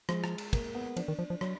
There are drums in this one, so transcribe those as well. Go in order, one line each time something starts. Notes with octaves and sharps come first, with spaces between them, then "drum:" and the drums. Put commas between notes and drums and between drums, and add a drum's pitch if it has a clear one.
F3 G#3, drum: rim click
drum: rim click
drum: cymbal
A#3, drum: kick, cymbal
B3
F3 D4, drum: cymbal
D#3
F3
F3
F#3, drum: rim click